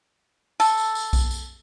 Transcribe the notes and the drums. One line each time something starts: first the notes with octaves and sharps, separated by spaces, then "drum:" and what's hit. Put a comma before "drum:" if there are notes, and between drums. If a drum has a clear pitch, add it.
A4, drum: tambourine
drum: tambourine
drum: tambourine
drum: kick B1, tambourine
drum: tambourine